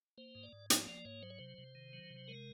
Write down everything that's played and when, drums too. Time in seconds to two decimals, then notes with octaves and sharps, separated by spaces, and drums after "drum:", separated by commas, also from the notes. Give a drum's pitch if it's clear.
0.18 A#3 C5
0.35 G#2
0.43 D5
0.52 G#2
0.70 F3 D5, drum: hi-hat
0.88 A#3 D5
1.05 G#2 C#5
1.22 F#3 C5
1.30 C#5
1.38 C3 C5
1.58 C3
1.75 D#3
1.93 F#3
2.10 C3
2.28 G#3 A#4